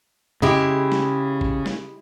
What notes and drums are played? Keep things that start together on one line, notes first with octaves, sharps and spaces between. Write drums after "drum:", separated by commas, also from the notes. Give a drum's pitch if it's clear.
C#3 G#3 E4 G4, drum: tom F2
drum: snare
drum: kick G#1
drum: snare